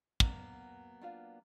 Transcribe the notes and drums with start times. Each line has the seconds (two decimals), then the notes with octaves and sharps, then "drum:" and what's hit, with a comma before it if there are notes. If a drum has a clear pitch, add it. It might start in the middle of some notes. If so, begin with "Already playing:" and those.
0.20 F#3 A#3 B3, drum: kick
1.02 D4 F4 F5